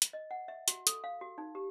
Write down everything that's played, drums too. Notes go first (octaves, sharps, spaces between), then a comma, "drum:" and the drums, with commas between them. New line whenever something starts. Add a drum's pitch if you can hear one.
drum: hi-hat
D#5
F#5
E5
F#4, drum: hi-hat
A4, drum: hi-hat
F5
F#4
D#4
G4